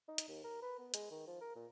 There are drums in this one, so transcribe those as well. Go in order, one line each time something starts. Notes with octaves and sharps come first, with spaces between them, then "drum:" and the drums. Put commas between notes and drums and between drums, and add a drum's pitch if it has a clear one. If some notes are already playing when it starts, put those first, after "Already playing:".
D#4
drum: hi-hat
D#2
A#4
B4
B3
G#3, drum: hi-hat
D#3
F3
A#4
A#2